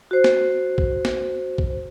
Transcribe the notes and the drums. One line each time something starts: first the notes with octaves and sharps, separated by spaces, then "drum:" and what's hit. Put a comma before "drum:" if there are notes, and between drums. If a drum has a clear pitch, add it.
F#4 C5
drum: snare
drum: kick
drum: snare
drum: kick